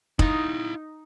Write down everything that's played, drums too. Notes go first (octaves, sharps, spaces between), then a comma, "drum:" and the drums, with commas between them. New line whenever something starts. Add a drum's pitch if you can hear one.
D#4 E4 F5, drum: kick